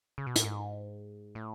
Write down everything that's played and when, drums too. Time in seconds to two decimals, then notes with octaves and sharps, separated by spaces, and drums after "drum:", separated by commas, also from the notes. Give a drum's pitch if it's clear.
0.18 C#3
0.27 B2
0.36 A2, drum: hi-hat
0.44 G#2
1.35 A2